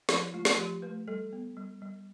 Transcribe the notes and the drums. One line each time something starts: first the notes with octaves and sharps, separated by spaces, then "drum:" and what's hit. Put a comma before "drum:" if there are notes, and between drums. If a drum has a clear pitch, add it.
F3 E4, drum: snare
A3 F4
drum: snare
F3 G4
A3 B4
G3 A4
B3
G3
G3